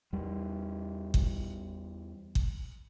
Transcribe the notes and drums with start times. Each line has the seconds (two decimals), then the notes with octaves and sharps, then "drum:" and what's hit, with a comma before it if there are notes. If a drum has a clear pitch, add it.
0.13 E2 G3
1.14 drum: kick G1
2.35 drum: kick G1